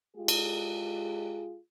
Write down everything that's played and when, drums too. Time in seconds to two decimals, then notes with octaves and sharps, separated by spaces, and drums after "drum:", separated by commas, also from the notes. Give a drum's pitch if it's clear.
0.16 G#3 F4 G4 G#4
0.28 drum: cymbal